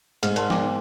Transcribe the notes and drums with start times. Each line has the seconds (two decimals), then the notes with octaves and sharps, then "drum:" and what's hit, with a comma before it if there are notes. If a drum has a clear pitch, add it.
0.23 G#2 F6, drum: hi-hat
0.36 A#4 A5 C6, drum: hi-hat
0.50 B3 D6, drum: snare